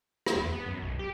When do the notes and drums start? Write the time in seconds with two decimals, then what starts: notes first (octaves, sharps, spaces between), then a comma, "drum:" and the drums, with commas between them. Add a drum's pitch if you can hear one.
0.26 drum: rim click
0.36 E2
0.53 B3
0.66 F#2
0.82 B1
0.99 G4